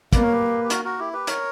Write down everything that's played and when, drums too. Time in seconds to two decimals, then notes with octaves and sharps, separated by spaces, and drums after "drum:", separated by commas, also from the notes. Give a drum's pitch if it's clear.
0.13 A#3 B4 D5, drum: kick, hi-hat
0.22 A#4 C#5
0.32 G4 B4
0.64 G4
0.70 F#4 A#4, drum: hi-hat
0.85 F#4 A#4
0.99 E4 G4
1.13 G4 B4
1.27 A#4 C#5, drum: hi-hat